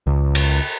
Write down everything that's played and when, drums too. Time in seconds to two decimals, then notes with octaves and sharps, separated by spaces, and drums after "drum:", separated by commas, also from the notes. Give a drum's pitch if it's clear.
0.07 C#2
0.35 drum: cymbal